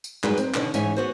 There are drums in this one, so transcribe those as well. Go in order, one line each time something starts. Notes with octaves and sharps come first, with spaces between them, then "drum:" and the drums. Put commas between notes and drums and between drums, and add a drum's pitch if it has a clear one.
drum: tambourine
G2 F#3 G#3 D#4 F#4 B4, drum: clap
C4, drum: tambourine
B2 D3 D#3 C#4, drum: clap
G#2 E3 C#4 C#5 E5 G#5, drum: tambourine
B3 F#4 C5